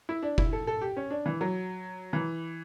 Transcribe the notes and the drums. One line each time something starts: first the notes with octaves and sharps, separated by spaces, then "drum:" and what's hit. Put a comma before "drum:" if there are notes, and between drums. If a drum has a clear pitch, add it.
E4
D4
E4, drum: kick F1
A4
A4
G4
C#4
D4
E3
F#3
E3